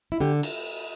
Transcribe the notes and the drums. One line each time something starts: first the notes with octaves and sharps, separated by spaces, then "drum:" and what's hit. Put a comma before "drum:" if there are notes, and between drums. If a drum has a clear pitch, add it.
E4
D3 G4
drum: cymbal